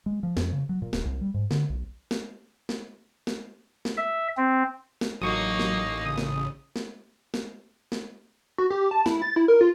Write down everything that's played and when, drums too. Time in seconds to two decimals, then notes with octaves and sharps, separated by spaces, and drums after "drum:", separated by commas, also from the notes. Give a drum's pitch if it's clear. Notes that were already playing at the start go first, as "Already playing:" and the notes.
0.06 G#3
0.23 F3
0.37 F2, drum: snare
0.52 C#3
0.69 F#3
0.82 A#2
0.93 D1, drum: snare
1.05 C2
1.21 G3
1.34 G#2
1.51 D3, drum: snare
1.70 B1
2.11 drum: snare
2.69 drum: snare
3.27 drum: snare
3.85 drum: snare
3.97 E5
4.37 C4
5.01 drum: snare
5.22 A1 F#3 A#3 D#4 C#6 D#6
5.59 drum: snare
6.06 C#3 D#6
6.18 drum: snare
6.76 drum: snare
7.34 drum: snare
7.92 drum: snare
8.58 F#4
8.70 G4
8.91 A5
9.06 E4, drum: snare
9.22 A6
9.36 E4
9.48 A#4
9.61 F4